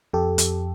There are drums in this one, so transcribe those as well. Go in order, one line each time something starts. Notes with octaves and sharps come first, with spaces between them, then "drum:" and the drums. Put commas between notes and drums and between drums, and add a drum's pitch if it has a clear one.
F2 G4 A4
F2, drum: hi-hat